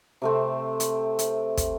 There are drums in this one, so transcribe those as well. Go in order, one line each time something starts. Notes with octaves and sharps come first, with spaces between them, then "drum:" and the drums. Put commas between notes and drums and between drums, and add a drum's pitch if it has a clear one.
C3 A3 C4
drum: hi-hat
drum: hi-hat
drum: kick, hi-hat